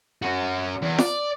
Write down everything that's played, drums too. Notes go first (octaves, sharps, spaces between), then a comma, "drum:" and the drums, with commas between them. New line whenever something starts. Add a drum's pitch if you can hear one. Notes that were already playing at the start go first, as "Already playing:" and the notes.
C#4 F#4
E2
D5, drum: snare